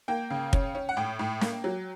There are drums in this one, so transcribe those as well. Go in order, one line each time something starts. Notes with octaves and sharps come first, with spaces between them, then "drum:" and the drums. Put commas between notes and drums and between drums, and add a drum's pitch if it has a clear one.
A#3 G5
C#3
C#4, drum: kick
C#4
F#5
A2 G5
A2
A#3, drum: snare
F#3